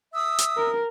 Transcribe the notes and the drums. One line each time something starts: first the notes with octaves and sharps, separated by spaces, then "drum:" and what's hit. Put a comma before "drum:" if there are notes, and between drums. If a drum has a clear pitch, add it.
E5 D#6 E6
drum: hi-hat
A#4